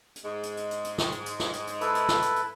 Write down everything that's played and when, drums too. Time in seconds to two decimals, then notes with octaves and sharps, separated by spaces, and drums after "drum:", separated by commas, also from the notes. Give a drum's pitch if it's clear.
0.16 drum: hi-hat
0.25 G#2 G#3
0.43 drum: hi-hat
0.57 drum: hi-hat
0.71 drum: hi-hat
0.85 drum: hi-hat
0.98 drum: snare
1.12 drum: hi-hat
1.26 drum: hi-hat
1.40 drum: snare
1.53 drum: hi-hat
1.67 drum: hi-hat
1.81 E4 A4 B4, drum: hi-hat
1.95 drum: hi-hat
2.08 drum: snare
2.22 drum: hi-hat
2.36 drum: hi-hat